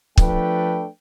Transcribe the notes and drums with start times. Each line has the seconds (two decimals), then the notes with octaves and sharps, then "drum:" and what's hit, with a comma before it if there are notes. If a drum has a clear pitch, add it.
0.17 F3 A3 D4 B4 G5, drum: kick